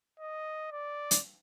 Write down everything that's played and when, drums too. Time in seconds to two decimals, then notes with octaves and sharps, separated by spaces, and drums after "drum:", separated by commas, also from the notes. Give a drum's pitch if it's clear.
0.20 D#5
0.72 D5
1.11 drum: hi-hat